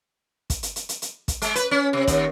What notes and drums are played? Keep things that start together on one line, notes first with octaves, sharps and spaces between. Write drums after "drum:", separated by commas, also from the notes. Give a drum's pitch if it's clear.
drum: kick, hi-hat
drum: hi-hat
drum: hi-hat
drum: hi-hat
drum: hi-hat
drum: kick, hi-hat
G#3, drum: hi-hat
B4, drum: hi-hat
C#4
C3
D#2, drum: kick, hi-hat